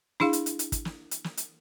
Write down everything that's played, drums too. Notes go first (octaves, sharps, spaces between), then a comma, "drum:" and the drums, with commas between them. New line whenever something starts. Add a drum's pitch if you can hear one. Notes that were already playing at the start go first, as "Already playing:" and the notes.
D4 E4 G#4 F5, drum: snare
drum: hi-hat
drum: hi-hat
drum: hi-hat
drum: kick, hi-hat
drum: snare
drum: hi-hat
drum: snare
drum: hi-hat